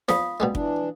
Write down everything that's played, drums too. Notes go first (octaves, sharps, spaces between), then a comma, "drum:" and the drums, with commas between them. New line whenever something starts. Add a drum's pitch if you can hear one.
E2 F3 F4 F5 D#6, drum: snare
B2 G3 G#3
E3 D4, drum: kick